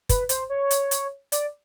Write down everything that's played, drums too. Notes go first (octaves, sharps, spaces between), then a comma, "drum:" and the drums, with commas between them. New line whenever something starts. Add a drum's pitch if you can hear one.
B4, drum: kick, hi-hat
C5, drum: hi-hat
C#5
drum: hi-hat
drum: hi-hat
D5, drum: hi-hat